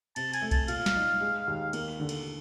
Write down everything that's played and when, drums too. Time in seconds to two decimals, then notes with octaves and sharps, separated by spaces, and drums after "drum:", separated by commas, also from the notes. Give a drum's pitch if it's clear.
0.16 C3 A5, drum: cymbal
0.33 G#5, drum: cymbal
0.42 A3
0.51 A5, drum: kick C2, cymbal
0.68 A#2 F5, drum: cymbal
0.86 drum: snare
0.95 D#4
1.21 G#3
1.48 D#2
1.73 A#3, drum: cymbal
2.00 D3
2.09 drum: cymbal